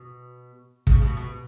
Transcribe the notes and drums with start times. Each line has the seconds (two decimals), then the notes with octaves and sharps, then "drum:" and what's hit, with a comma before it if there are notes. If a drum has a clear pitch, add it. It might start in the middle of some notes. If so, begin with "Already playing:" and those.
Already playing: B2
0.87 C#3, drum: kick
1.02 B2
1.17 B2